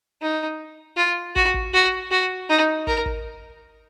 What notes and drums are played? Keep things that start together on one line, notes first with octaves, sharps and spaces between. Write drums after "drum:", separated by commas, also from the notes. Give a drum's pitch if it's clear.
D#4
F4
F#4, drum: kick
drum: kick
F#4
F#4
D#4
A#4, drum: kick
drum: kick